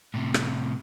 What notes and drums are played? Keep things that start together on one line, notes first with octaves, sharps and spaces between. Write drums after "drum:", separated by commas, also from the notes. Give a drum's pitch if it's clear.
A2 C3
drum: rim click